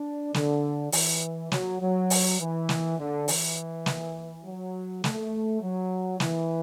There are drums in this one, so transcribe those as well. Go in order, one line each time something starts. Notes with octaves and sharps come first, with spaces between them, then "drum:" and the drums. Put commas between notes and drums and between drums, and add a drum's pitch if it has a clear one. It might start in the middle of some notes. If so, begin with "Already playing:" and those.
Already playing: D4
D3, drum: snare
E3, drum: open hi-hat
F#3, drum: snare
F#3
drum: open hi-hat
E3
drum: snare
D3
E3, drum: open hi-hat
drum: snare
F#3
A3, drum: snare
F#3
E3, drum: snare